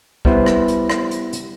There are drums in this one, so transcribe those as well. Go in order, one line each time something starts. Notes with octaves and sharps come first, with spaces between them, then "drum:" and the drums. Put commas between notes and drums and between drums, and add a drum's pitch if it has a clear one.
G3 B3 E4 B4 C5, drum: kick
drum: rim click
drum: hi-hat
drum: rim click
drum: hi-hat
drum: hi-hat